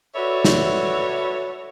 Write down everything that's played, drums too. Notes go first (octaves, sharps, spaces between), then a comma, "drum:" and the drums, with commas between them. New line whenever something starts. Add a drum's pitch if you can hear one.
F#4 A4 B4 C#5 D5 E5
drum: snare